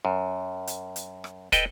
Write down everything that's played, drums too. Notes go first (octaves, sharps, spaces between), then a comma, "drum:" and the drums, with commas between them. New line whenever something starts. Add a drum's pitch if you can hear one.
F#2
drum: hi-hat
drum: hi-hat
drum: rim click
A4 B4 D#5 G5, drum: kick, hi-hat